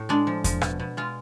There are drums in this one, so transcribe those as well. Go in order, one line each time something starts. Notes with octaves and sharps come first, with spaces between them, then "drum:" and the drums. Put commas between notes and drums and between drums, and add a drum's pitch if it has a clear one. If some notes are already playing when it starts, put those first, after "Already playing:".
Already playing: A2
G#3 D4
F3
F3, drum: kick E2, hi-hat
B2, drum: rim click
B2
G#3 F4